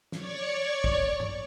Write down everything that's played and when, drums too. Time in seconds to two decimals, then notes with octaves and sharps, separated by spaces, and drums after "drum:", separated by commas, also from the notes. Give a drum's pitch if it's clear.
0.12 C#5 D5 C#6, drum: snare
0.84 drum: kick
1.20 drum: tom G2